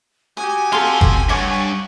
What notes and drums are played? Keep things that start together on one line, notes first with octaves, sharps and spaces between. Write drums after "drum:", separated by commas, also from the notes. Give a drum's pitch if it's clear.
F#4 G4 G#5 D#6
C4 A4 F5 C6
drum: kick
G2 C#5 F#5 C#6 D6